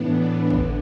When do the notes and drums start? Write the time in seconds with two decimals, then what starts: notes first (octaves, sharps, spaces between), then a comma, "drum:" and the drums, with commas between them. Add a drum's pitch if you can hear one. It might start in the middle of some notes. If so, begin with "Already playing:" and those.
Already playing: A2 E3 B3 D4
0.50 D3, drum: kick